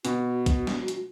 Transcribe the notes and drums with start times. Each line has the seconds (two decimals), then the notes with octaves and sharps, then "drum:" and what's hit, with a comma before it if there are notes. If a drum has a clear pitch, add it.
0.05 B2 F#4, drum: hi-hat
0.46 drum: kick A#1, hi-hat
0.67 drum: snare
0.88 drum: hi-hat